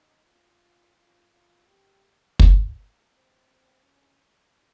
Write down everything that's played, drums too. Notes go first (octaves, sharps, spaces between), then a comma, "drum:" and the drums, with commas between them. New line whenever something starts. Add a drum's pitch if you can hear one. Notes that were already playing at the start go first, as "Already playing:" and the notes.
Already playing: D#4
F4
F4
F4
G4
A#3, drum: kick
A#3
C4
C#4